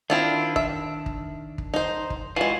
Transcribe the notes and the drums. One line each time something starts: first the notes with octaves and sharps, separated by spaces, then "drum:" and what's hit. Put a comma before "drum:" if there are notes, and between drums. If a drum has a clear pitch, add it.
D#3 C4 D4 E4 F4
E5, drum: kick
drum: kick
drum: kick
D#4 C5
drum: kick
E3 G#3 F4 F#4